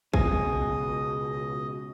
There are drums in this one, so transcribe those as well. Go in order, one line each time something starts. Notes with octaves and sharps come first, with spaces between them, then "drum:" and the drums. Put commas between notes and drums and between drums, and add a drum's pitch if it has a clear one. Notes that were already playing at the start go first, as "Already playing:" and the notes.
C#2 B2 D#5 G#5, drum: kick